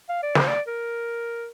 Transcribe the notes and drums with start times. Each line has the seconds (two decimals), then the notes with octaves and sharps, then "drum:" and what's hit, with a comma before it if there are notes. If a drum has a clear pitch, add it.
0.09 F5
0.23 D5
0.35 C5, drum: snare
0.48 D5
0.68 A#4